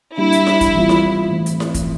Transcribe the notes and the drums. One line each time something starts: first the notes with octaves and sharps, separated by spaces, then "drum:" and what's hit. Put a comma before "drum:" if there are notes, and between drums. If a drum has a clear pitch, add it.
G3 A#3 D4 E4 G4
drum: hi-hat
drum: snare E4
drum: kick, hi-hat
E3 G3 C4 F4
drum: snare E4
E3 A3 C4
drum: hi-hat
drum: snare E4
drum: kick, hi-hat